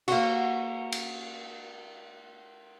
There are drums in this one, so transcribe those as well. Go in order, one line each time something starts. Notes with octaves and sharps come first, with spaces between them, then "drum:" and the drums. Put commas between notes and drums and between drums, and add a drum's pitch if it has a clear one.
A#3 F#4, drum: cymbal
drum: cymbal